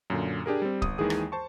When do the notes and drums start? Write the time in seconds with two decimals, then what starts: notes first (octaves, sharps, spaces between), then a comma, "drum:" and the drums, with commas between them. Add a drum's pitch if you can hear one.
0.10 F#2 A#2 D3
0.46 D4 G4 G#4 A#4
0.62 G3 C4
0.82 G1 D#6, drum: kick C#1
0.98 D#2 D#3 E3 G#3 G#4 D#6
1.10 drum: rim click
1.32 C5 A5 C#6